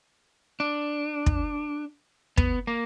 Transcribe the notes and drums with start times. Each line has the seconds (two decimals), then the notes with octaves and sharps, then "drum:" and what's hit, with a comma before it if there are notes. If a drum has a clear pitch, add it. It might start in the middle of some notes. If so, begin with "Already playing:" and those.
0.60 D4
1.26 drum: kick
2.37 B3, drum: kick
2.67 A#3